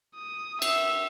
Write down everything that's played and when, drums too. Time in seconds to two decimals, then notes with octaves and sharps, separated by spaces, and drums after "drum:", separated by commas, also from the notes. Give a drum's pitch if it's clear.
0.15 D#6
0.62 E5, drum: cymbal